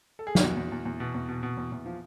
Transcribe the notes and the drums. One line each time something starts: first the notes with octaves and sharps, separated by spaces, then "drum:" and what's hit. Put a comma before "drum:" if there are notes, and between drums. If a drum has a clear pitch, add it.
A4
G#4
G4, drum: snare
E2 F#4
E2
E2
E2
B2
E2
B2
B2
E2
E2
F3